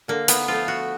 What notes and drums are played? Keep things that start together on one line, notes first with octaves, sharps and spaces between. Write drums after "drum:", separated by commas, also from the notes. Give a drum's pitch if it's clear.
D3 A#3
B3, drum: hi-hat
F3 A3 F4
F#4